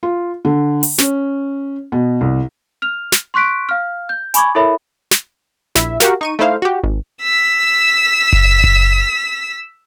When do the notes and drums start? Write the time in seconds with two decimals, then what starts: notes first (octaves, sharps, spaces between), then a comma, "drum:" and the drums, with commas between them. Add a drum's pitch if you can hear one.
0.03 F4
0.45 D3
0.83 drum: open hi-hat
0.98 C#4, drum: snare
1.92 B2
2.21 C2
2.82 F6 F7
3.12 drum: snare
3.34 C6 C#6 F#6 B6 D7
3.69 F5 F6
4.09 G6
4.34 G#5 B5 C#6 D6 G#6, drum: hi-hat
4.55 E4 A4 A#4 C#5 E5 B5
5.11 drum: snare
5.75 A#1 E4 E5, drum: snare
6.00 F#4 G4 A#4 F5, drum: snare
6.21 D#4 C#6 D#7
6.39 A3 D#4 E4 C5 F5
6.62 F#4 G4
6.84 G#1
7.22 E6 B6
8.33 drum: kick F#1
8.64 drum: kick F#1